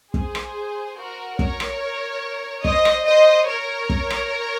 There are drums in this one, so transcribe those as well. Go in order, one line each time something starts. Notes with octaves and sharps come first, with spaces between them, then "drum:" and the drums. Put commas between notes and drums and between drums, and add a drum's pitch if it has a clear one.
G#4 C5, drum: kick
drum: rim click
F#4 A#4
A#4 C#5, drum: kick
drum: rim click
C5 D#5, drum: kick
drum: rim click
C5 D#5
A#4 C#5
drum: kick
drum: rim click